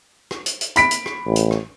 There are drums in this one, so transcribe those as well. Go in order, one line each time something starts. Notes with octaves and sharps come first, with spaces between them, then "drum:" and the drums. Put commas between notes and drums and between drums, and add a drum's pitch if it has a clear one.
drum: rim click
drum: hi-hat
drum: hi-hat
B5 B6 D7, drum: hi-hat
drum: hi-hat
drum: rim click
A1
drum: hi-hat
drum: rim click